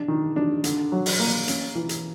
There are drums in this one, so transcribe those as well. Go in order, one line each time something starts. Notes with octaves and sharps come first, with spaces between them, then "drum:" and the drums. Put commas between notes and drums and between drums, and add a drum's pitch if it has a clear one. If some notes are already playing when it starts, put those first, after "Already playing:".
Already playing: D4
D#3
D4
D3, drum: hi-hat
F#3
drum: open hi-hat
A#3
C#4, drum: hi-hat
E3
drum: hi-hat